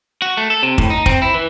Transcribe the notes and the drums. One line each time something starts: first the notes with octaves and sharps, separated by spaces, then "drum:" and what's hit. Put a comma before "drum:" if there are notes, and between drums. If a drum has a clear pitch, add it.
F#4
A3
A4
C3
A2, drum: kick
D#4
C4, drum: kick
E4
E3